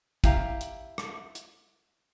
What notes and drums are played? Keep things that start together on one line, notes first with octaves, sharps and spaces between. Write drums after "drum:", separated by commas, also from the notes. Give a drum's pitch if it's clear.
E4 G4 F5 A#5, drum: kick, hi-hat
drum: hi-hat
drum: rim click
drum: hi-hat